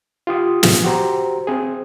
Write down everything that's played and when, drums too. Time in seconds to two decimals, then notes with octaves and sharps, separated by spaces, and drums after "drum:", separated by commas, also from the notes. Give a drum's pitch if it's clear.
0.27 F4 G4 D#6
0.63 drum: snare
0.84 F#4 G4 C5 A#5
1.47 C4 G#4